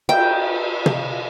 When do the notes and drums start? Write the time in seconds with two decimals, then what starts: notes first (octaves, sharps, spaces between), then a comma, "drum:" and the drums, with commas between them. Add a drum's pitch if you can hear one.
0.09 G5, drum: cymbal
0.86 drum: tom